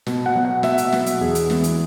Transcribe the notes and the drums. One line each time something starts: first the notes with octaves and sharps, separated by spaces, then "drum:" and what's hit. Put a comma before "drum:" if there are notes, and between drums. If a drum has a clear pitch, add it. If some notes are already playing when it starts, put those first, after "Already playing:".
B2, drum: snare
F#5
F#3 B3
F#5
B2 E5, drum: snare
drum: hi-hat
F#3 B3, drum: snare
drum: hi-hat
E2 G#4
drum: hi-hat
E3 G#3 B3, drum: snare
drum: hi-hat